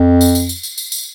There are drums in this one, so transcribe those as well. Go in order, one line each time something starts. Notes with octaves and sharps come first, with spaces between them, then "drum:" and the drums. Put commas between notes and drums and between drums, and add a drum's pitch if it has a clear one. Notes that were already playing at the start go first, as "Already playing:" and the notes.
Already playing: F2
drum: tambourine
drum: tambourine
drum: tambourine
drum: tambourine
drum: tambourine
drum: tambourine